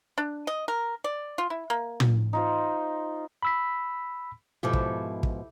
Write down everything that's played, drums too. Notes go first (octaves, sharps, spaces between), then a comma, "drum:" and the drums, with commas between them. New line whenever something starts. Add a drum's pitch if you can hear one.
D4
D#5
A#4
D5
F4
E4
A#3
drum: tom
D#4 F4 C5
B5 E6 B6
G#2 B2 F3 E4 G4 A4
drum: kick
drum: kick